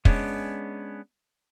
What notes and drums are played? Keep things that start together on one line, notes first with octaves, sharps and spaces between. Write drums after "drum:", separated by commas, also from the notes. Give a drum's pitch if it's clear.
G#3 B3 C#4 D4, drum: kick